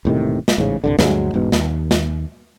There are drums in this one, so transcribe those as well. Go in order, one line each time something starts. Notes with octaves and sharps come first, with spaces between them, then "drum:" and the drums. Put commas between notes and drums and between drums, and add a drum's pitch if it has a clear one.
E1 A2 C3 D#3
drum: snare
A1 G#2 C#3
C2 G2 D3
D2 G2 F#3 G#3, drum: snare
E1 G#2 B2
D#2, drum: snare
drum: snare